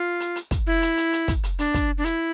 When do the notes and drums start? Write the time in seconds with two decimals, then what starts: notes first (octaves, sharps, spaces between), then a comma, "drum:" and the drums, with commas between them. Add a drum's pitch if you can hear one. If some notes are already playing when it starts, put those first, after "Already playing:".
Already playing: F4
0.20 drum: hi-hat
0.36 drum: hi-hat
0.51 drum: kick, hi-hat
0.67 E4
0.82 drum: hi-hat
0.97 drum: hi-hat
1.13 drum: hi-hat
1.28 drum: kick, hi-hat
1.43 drum: hi-hat
1.59 D4, drum: hi-hat
1.74 drum: kick, hi-hat
1.98 D4
2.04 E4, drum: hi-hat